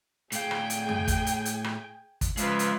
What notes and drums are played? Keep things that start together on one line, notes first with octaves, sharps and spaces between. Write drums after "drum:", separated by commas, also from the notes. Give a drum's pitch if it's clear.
A2 G#4 F5 G5 G#5, drum: hi-hat
drum: rim click
drum: hi-hat
drum: tom F2
drum: kick, hi-hat
drum: hi-hat
drum: hi-hat
drum: rim click
drum: kick, hi-hat
C#3 F3 G#3 B4 E5 F5, drum: hi-hat
drum: hi-hat